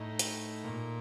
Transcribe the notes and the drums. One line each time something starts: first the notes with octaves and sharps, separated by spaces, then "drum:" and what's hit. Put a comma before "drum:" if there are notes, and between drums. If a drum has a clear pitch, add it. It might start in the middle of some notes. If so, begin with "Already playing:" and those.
Already playing: A2 D#4
drum: hi-hat
A#2